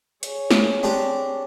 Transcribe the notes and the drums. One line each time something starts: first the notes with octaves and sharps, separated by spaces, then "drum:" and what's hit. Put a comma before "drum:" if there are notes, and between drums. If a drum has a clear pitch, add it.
G#4 C#5, drum: hi-hat
drum: snare
C4 D4 G4